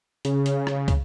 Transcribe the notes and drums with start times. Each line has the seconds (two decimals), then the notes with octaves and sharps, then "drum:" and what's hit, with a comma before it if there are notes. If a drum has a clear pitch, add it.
0.25 C#3, drum: hi-hat
0.46 drum: hi-hat
0.67 drum: rim click
0.88 drum: kick, hi-hat